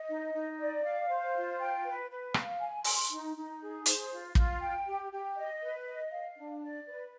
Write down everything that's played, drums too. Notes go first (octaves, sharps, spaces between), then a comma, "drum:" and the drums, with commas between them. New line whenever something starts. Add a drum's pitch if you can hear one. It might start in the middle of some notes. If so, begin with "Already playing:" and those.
Already playing: D#5
D#4
D#4
D5
F5
C5
F4
G5
B4
B4
F5, drum: rim click
G#5
C6, drum: open hi-hat
D#4
D#4
G#4
C5, drum: hi-hat
F4
F4, drum: kick
G5
G4
G4
D#5
B4
D#5
F5
D4
D5
B4